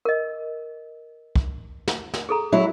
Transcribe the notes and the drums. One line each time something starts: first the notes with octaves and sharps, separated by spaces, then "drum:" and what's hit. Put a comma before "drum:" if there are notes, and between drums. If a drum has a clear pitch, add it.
A#4 D#5
drum: kick
drum: snare
drum: snare
G#4 A4 A#5
F#3 E4